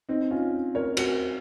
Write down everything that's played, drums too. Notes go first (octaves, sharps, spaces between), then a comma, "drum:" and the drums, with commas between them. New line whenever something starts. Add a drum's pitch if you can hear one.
C4 D#4
C#4 F4
A#4 C#5
F#4 A#4, drum: cymbal